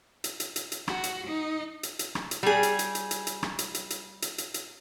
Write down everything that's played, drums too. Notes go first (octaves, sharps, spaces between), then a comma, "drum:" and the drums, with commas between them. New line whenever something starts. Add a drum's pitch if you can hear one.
drum: hi-hat
drum: hi-hat
drum: hi-hat
drum: hi-hat
F#4, drum: rim click
drum: hi-hat
D#4
drum: hi-hat
drum: hi-hat
drum: rim click
drum: hi-hat
G3 G#4
drum: hi-hat
drum: hi-hat
drum: hi-hat
drum: hi-hat
drum: hi-hat
drum: rim click
drum: hi-hat
drum: hi-hat
drum: hi-hat
drum: hi-hat
drum: hi-hat
drum: hi-hat